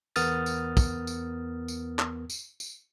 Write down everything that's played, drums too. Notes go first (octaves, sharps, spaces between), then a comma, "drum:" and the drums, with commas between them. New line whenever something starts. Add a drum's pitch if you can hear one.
E2 B3 A#4 D#6 F6 A6, drum: tambourine
drum: tambourine
drum: kick, tambourine
drum: tambourine
drum: tambourine
drum: clap
drum: tambourine
drum: tambourine